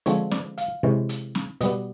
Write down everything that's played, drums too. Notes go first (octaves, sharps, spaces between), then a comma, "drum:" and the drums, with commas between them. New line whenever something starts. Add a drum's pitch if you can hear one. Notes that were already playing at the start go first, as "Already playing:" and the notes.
D3 F3 G#3 C4 C#5, drum: hi-hat
D5, drum: snare
F5, drum: hi-hat
C3 E3 G#3 C#4
drum: hi-hat
drum: snare
B2 G3 B3 D#5, drum: hi-hat